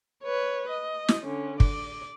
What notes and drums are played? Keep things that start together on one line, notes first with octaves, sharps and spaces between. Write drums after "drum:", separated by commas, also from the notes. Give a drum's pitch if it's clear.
B4 C#5
D#5
drum: snare
D3 C#4
D5, drum: kick